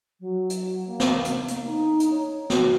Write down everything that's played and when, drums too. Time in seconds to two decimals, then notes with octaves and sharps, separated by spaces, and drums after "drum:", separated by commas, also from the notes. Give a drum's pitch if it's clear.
0.20 F#3
0.50 drum: hi-hat
0.87 A#3
1.00 drum: snare
1.25 drum: hi-hat
1.48 A#3, drum: hi-hat
1.67 D#4
2.00 drum: hi-hat
2.11 C#5
2.50 F#4, drum: snare